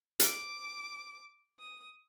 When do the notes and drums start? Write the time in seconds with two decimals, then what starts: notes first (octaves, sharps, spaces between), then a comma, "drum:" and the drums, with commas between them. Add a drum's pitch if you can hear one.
0.20 D6, drum: hi-hat
1.59 D#6